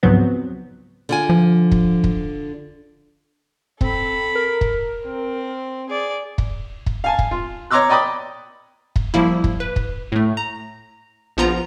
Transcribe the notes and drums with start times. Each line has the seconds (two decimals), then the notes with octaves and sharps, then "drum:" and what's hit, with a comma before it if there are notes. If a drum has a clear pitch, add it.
0.03 C#2 G#2 F3 F#3 B3 C4
1.09 D3 F4 G#5
1.30 F3
1.71 drum: kick
2.04 drum: kick
3.81 C4 A4 B5, drum: kick
4.35 A#4
4.61 drum: kick
5.04 C4
5.89 G#4 D5
6.38 drum: kick
6.86 drum: kick
7.04 F5 G#5 A5
7.19 drum: kick
7.31 F4
7.71 C#5 A#5 C6 D6 E6 F#6
7.89 D5 D#5 G5 B5 D6 D#6
8.96 drum: kick
9.14 F3 G3 A#3 E4
9.44 drum: kick
9.60 B4
9.76 drum: kick
10.12 A2 A3
10.37 A#5
11.37 A#1 F3 B3 F4 A#5